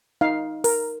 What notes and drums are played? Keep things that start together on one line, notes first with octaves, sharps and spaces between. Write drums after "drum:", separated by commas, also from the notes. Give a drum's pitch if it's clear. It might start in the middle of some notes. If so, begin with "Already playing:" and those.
D#4 F5
A#4, drum: open hi-hat